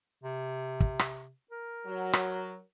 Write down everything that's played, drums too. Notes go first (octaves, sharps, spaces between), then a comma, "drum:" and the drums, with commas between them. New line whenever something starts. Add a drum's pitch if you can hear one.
C3
drum: kick
drum: rim click
A#4
F#3
drum: rim click